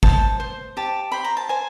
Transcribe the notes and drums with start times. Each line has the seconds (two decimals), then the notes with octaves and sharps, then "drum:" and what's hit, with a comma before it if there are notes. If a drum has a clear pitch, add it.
0.03 C5 A5, drum: kick
0.40 C5
0.77 G4 A5
1.12 C5 B5
1.24 A#5
1.37 A5
1.49 C5 G#5